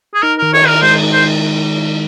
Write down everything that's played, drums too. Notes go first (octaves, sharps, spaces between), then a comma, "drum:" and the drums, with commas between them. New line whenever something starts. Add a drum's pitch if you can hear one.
G#4
D#4 A#4
D#3 A#4
C#5, drum: cymbal
D#3 A#4
G#3 C5
D#4
C5